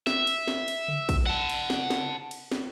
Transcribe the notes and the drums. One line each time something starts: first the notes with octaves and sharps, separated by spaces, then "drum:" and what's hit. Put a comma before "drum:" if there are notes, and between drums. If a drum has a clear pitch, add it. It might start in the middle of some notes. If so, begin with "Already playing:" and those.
E5, drum: snare
drum: cymbal
drum: snare
drum: cymbal
drum: tom C#3
drum: kick, cymbal
F#5 A5
drum: cymbal
drum: snare
drum: snare
drum: cymbal
drum: snare